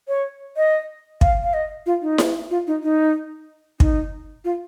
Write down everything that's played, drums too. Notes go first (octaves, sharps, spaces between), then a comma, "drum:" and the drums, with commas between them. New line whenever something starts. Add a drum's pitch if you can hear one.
C#5
D#5
F5, drum: kick
F5
D#5
F4
D#4
drum: snare E4
F4
D#4
D#4
D#4, drum: kick
F4